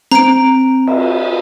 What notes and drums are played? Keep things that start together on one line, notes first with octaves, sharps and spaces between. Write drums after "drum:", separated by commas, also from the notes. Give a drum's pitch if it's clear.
C4 A#5 D7
drum: cymbal